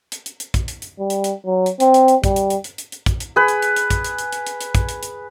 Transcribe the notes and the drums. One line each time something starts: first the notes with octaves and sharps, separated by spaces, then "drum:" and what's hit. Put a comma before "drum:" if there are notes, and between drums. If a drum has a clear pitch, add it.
drum: hi-hat
drum: hi-hat
drum: hi-hat
drum: kick, hi-hat
drum: hi-hat
drum: hi-hat
G3
drum: hi-hat
drum: hi-hat
F#3
drum: hi-hat
C4, drum: hi-hat
drum: hi-hat
drum: hi-hat
G3, drum: kick, hi-hat
drum: hi-hat
drum: hi-hat
drum: hi-hat
drum: hi-hat
drum: hi-hat
drum: kick, hi-hat
drum: hi-hat
G#4 B4
drum: hi-hat
drum: hi-hat
drum: hi-hat
drum: kick, hi-hat
drum: hi-hat
drum: hi-hat
drum: hi-hat
drum: hi-hat
drum: hi-hat
drum: kick, hi-hat
drum: hi-hat
drum: hi-hat